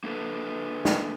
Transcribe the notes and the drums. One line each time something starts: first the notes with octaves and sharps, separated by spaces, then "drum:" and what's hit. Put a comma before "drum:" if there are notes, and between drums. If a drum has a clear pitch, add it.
A#3 D4 A4 B4
drum: snare